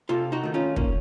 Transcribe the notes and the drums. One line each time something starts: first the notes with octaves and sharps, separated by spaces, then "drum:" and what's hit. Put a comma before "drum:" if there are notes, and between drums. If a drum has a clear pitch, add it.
C3 F4 A4
D#4 F#4
D#3 A3
C#4 F4
A#3 C#4, drum: kick